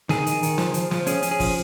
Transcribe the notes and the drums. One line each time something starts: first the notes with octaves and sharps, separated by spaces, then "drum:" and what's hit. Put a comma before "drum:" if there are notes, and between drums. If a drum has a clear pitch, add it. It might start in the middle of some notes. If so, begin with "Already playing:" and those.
D#3 G#4, drum: snare
D#3, drum: hi-hat
D#3, drum: hi-hat
F3, drum: snare
F3, drum: hi-hat
F3, drum: snare
C#4 G#4, drum: hi-hat
C#4, drum: hi-hat
G#4
F3, drum: kick, open hi-hat